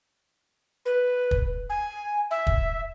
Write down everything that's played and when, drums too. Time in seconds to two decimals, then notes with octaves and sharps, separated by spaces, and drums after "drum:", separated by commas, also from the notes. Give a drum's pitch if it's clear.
0.86 B4
1.31 drum: kick
1.70 G#5
2.31 E5
2.47 drum: kick